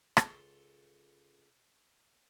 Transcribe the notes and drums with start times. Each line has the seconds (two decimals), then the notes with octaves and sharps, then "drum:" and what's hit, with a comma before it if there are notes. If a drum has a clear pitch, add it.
0.17 C#2 A4 C6, drum: rim click